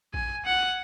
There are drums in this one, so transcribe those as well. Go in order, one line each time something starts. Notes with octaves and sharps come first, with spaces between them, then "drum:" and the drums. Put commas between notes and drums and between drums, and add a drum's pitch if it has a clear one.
G#5, drum: kick A#1
F#5